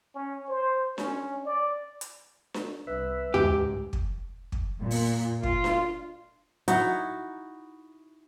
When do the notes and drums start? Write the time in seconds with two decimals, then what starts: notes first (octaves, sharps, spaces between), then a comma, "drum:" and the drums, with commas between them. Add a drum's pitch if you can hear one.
0.15 C#4
0.49 C5
0.98 C#4, drum: snare D4
1.45 D5
2.01 drum: hi-hat
2.54 drum: snare D4
2.87 C2 B4 E5
3.34 C#2 G#2 G4, drum: tom D#2
3.93 drum: kick
4.52 drum: kick
4.81 A#2
4.91 drum: open hi-hat
5.43 F4, drum: kick
5.64 drum: snare D4
6.68 D#4 E4 F#4, drum: hi-hat